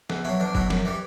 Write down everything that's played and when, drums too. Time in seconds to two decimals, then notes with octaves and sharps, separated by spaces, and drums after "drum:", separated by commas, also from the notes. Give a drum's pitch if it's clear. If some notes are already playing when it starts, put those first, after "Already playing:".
0.10 E2, drum: snare F3
0.25 B2 F#3 E4
0.40 E2 D4
0.55 B2 F#3 E4, drum: kick F1
0.70 F#2, drum: snare F3
0.85 E3 G3